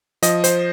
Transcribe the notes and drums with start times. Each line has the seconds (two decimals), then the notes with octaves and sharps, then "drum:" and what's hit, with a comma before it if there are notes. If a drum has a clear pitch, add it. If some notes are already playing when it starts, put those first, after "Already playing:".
0.22 F3 D#5, drum: hi-hat
0.44 C5, drum: hi-hat